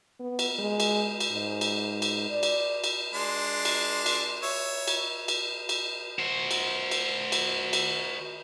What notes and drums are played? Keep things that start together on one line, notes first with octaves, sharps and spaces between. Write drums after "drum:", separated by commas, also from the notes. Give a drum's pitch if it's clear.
B3
drum: cymbal
G#3
drum: cymbal
drum: cymbal
G#2
drum: cymbal
drum: cymbal
D5
drum: cymbal
drum: cymbal
G#3 D4 C6
drum: cymbal
drum: cymbal
C#5 E5
drum: cymbal
drum: cymbal
drum: cymbal
F#4 C5
drum: cymbal
drum: cymbal
drum: cymbal
drum: cymbal